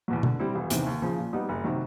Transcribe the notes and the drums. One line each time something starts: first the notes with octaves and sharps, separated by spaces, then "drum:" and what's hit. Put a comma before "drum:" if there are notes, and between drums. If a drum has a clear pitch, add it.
E2 B2 F#3
D3, drum: tom
G3 C4 E4
E1
E2 C3 D#3, drum: hi-hat
D#2
C#3 F3
A#2
G3 B3 D#4
F#1
C3 D#3 F#3